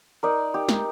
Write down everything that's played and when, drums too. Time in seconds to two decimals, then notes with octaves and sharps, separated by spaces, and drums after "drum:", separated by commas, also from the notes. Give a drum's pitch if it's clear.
0.23 D#4 A#4 D5
0.54 D#4 G4
0.69 drum: snare